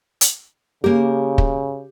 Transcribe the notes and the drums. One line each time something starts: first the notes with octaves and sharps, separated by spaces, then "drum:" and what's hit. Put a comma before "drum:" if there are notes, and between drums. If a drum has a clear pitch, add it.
drum: hi-hat
C#3 A#3 G4 A#4
drum: kick